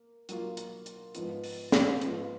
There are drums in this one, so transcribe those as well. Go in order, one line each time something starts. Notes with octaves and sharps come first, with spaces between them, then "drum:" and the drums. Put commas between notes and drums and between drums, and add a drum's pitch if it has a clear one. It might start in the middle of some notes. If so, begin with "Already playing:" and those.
Already playing: A#3
F#3 A#3 F4, drum: hi-hat
drum: hi-hat
drum: hi-hat
G#2 F3 B3 F4, drum: hi-hat
drum: open hi-hat
drum: snare
G#2 F3 B3 F4, drum: hi-hat